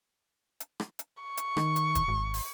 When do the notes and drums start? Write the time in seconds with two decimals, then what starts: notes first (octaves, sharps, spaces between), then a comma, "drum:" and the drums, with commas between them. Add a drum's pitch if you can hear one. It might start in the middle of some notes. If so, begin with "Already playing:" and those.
0.60 drum: hi-hat
0.80 drum: rim click
0.99 drum: hi-hat
1.23 C#6
1.37 drum: hi-hat
1.57 D#3, drum: rim click
1.76 drum: hi-hat
1.95 drum: kick, hi-hat
2.08 G#1
2.34 drum: open hi-hat